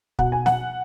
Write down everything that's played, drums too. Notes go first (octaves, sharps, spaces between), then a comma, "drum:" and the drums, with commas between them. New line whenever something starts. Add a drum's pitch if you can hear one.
B2 F#5, drum: kick
G#5
F#5, drum: snare